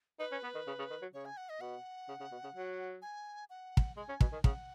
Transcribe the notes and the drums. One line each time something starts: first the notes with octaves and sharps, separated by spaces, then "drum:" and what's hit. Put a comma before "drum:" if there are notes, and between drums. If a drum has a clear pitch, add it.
D#4 B4
C#4
B3
D#3
C#3
C#3
D#3
F#3
C#3 C#5
G#5
F#5
D#5
B2 F#5
C#3
C#3
B2
C#3
F#3
G#5
F#5
drum: kick
G#3 G#5
C#4
B2, drum: kick
D#3
C#3 F#5, drum: kick